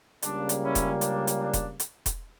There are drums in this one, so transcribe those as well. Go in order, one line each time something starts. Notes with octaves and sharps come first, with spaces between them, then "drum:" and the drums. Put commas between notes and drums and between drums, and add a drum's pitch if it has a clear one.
C#2 C#3 G3 A#3 D4, drum: hi-hat
drum: hi-hat
C#4 E4
drum: kick E1, hi-hat
D4, drum: hi-hat
drum: hi-hat
D4
drum: kick E1, hi-hat
drum: hi-hat
drum: kick E1, hi-hat